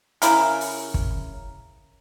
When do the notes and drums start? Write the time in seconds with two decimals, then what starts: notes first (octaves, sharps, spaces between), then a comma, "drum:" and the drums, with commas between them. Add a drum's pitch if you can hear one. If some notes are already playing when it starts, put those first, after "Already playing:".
0.22 C#3 G#3 E4 A#4, drum: hi-hat
0.61 drum: open hi-hat
0.94 drum: kick